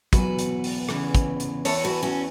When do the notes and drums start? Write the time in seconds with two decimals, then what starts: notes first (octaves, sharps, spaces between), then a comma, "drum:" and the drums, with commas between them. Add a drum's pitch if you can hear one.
0.13 E2 B2 F#3 F#4 B4, drum: kick, hi-hat
0.39 drum: hi-hat
0.64 drum: open hi-hat
0.89 E2 C#3 E3, drum: rim click
1.15 drum: kick, hi-hat
1.40 drum: hi-hat
1.65 E2 E3 A4 C#5, drum: open hi-hat
1.85 F#4 B4
2.03 C#4 F#4